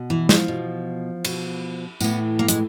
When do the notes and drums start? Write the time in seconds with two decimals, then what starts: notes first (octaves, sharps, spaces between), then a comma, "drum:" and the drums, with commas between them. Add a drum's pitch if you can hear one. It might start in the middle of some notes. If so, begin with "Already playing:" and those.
Already playing: B2
0.10 E3
0.29 F3, drum: snare
0.48 B2
1.25 B2, drum: cymbal
2.01 A2 E3 B3, drum: tambourine
2.39 A#3
2.48 G#3, drum: hi-hat